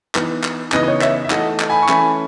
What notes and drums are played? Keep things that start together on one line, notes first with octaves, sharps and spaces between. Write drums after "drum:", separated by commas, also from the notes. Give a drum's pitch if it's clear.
E3 B3 D#4, drum: clap
drum: clap
C#3 E3 B3 D#4 B4 D#5, drum: clap
D#5
C#5
C#5 E5, drum: clap
E5
E3 A3 D#4 D#5 F#5, drum: clap
drum: clap
G#5 B5
C#6
E3 A3 C#4 E4 G#5 B5, drum: clap